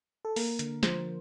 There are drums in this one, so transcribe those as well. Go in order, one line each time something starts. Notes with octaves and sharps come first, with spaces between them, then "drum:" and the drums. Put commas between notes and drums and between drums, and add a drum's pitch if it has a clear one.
A4
A#3 A#4, drum: open hi-hat
D3, drum: hi-hat
F3 C5, drum: snare